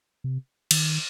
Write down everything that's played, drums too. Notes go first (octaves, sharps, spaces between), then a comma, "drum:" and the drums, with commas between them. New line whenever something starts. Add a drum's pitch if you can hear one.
C3
D#3, drum: cymbal